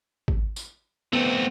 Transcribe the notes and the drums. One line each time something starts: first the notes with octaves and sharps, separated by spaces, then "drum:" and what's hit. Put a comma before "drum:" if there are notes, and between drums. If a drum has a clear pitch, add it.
drum: kick G#1
drum: tambourine
A3 B3 C4